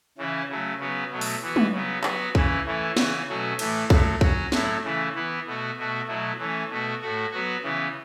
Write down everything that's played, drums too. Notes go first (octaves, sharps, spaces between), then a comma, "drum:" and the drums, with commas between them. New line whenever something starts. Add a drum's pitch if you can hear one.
C#3 E3 C#4 E4
C#3 F#3 A3
C#3 F#3 B3
B2 F#3 A3
drum: open hi-hat
E3 B3 F#4
drum: tom
C#3 F#3 B3
F#3 B3 F#4, drum: clap
C#3 E3 C#4 E4, drum: kick B1
E3 A3 C#4 E4
C#3 E3 C#4 F#4, drum: snare
B2 F#3 A3 C#4 F#4
A2 E3 A3, drum: cymbal
A2 F#3 A3, drum: kick B1
F#3 C#4 F#4, drum: kick B1
A2 F#3 A3 E4, drum: snare
C#3 E3 A3 E4
E3 B3 E4
B2 A3 F#4
B2 A3 F#4
B2 F#3 A3 E4
E3 A3 C#4
B2 A3 F#4
A2 A3 F#4
F#3 B3 F#4
C#3 E3 B3